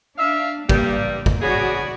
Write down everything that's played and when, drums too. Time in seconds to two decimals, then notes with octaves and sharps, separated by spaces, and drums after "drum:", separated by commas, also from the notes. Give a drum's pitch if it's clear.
0.18 D4 E5 F5
0.69 G2 G3 A#3, drum: kick
1.26 drum: kick
1.42 B3 C#4 F#4 G#4 D5